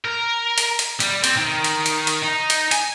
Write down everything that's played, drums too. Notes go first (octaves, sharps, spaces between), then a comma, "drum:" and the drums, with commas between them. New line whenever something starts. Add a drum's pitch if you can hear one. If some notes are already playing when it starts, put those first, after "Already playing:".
A#4
drum: hi-hat
drum: hi-hat
G3, drum: hi-hat
C4, drum: hi-hat
D#3
drum: hi-hat
drum: hi-hat
drum: hi-hat
D#4
drum: hi-hat
G#5, drum: hi-hat